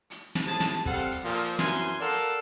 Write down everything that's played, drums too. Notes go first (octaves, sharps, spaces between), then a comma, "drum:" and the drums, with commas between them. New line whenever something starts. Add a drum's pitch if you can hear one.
drum: hi-hat
drum: snare
A2 C4 G#4 A5
drum: snare
G3 C4 A4 F5 F#5, drum: kick
drum: hi-hat
A#2 F3
F#2 E3 G#5 C6, drum: snare
A4 A#4 D5 F5 F#5
drum: hi-hat